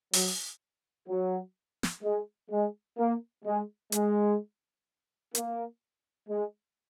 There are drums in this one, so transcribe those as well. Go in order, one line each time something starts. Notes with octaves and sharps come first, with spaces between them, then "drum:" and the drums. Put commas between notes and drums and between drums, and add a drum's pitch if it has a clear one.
F#3, drum: open hi-hat
F#3
drum: snare
G#3
G#3
A#3
G#3
G#3, drum: hi-hat
A#3, drum: hi-hat
G#3